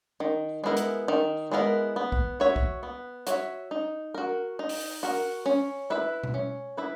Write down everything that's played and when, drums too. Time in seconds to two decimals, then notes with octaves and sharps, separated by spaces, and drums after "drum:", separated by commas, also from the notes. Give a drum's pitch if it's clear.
0.20 D#3
0.64 G#3 B3 E4 A#4
0.77 drum: hi-hat
1.08 D#3
1.52 G#3 B3 E4 A#4
1.96 B3
2.12 drum: kick
2.40 F#4 C#5 E5
2.56 drum: kick
2.83 B3
3.27 F#4 C#5 E5, drum: hi-hat
3.71 D#4
4.14 F#4 A#4
4.59 D#4
4.69 drum: open hi-hat
5.03 F#4 A#4
5.46 C#4
5.90 E4 B4 E5
6.23 drum: tom B2
6.34 C#4
6.77 E4 B4 E5